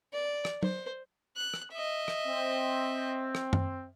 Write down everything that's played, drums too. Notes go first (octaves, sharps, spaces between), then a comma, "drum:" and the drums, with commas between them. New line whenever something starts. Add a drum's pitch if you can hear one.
D5
drum: rim click
C5, drum: tom
F#6
drum: rim click
D#5 E5
drum: rim click
C4
drum: rim click
drum: tom F#2